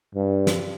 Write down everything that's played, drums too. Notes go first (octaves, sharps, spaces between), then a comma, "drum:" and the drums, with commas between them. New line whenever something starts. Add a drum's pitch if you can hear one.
G2
drum: snare